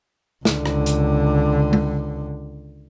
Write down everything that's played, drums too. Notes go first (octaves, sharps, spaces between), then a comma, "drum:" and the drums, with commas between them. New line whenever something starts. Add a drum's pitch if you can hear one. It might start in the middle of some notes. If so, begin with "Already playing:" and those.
C#2 D3, drum: snare
drum: rim click
drum: hi-hat
drum: tom G#3